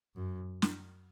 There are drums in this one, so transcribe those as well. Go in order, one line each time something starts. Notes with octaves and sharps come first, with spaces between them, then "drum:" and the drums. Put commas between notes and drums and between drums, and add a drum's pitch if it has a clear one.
F#2
drum: snare